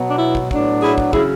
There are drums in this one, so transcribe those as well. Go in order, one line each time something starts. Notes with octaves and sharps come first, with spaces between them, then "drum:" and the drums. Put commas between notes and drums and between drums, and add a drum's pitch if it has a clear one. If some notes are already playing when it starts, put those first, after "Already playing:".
Already playing: B2 F#3 B3
D4
E4
drum: kick
A2 F#3 B3 D4, drum: kick
E4 G#4
drum: kick
C#3 F#3 C#4 E4 G#4, drum: kick